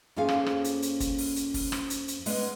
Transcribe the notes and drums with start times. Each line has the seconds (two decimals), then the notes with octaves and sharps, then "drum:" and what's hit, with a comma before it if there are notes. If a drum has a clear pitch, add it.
0.16 F2 A#3 C#4 F4 G#4 F5
0.29 drum: rim click
0.46 drum: rim click
0.64 drum: hi-hat
0.82 drum: hi-hat
1.00 drum: kick, hi-hat
1.18 drum: open hi-hat
1.36 drum: hi-hat
1.54 drum: kick, open hi-hat
1.72 drum: rim click
1.90 drum: hi-hat
2.08 drum: hi-hat
2.26 G#3 B3 C#4 D4, drum: open hi-hat